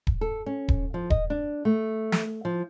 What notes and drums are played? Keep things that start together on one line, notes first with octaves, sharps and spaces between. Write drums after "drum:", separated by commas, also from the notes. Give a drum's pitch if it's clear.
drum: kick D#1
A4
C#4
drum: kick D#1
F3
D#5, drum: kick D#1
D4
A3
drum: snare
F3